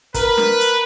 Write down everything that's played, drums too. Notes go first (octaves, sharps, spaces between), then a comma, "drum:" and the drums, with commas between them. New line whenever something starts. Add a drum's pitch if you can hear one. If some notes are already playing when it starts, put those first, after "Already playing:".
A#4 B4, drum: kick, hi-hat
drum: snare D4
drum: hi-hat